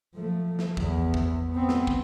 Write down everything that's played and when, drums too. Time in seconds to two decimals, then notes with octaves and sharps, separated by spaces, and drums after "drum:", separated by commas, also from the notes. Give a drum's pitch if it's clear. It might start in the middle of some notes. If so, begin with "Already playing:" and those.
0.15 F3 A3
0.59 drum: snare
0.77 E2 B3, drum: kick
1.14 drum: kick
1.51 B3 C4
1.69 drum: snare
1.87 drum: kick